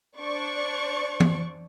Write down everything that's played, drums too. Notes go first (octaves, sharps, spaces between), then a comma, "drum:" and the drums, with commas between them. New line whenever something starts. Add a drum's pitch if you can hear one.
D4 C5 D5 C#6
drum: tom E3